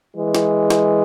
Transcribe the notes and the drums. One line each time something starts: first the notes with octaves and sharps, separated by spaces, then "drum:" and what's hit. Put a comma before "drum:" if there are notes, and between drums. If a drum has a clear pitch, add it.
E3 G#3
drum: snare
drum: snare